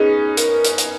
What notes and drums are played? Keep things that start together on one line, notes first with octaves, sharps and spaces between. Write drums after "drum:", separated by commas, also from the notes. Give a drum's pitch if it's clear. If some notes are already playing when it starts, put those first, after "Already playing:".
Already playing: B3 C#4 D#4 G#4
A#4, drum: hi-hat
drum: hi-hat
drum: hi-hat